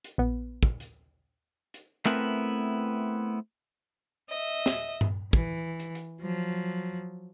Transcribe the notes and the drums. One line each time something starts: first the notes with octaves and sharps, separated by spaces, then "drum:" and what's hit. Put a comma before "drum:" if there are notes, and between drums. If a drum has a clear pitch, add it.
drum: hi-hat
A#1 B3
drum: kick
drum: hi-hat
drum: hi-hat
A3 B3 C4 E4 A#4 B4, drum: clap
D#5 E5
drum: snare
drum: tom G2
E3, drum: kick
drum: hi-hat
drum: hi-hat
F3 F#3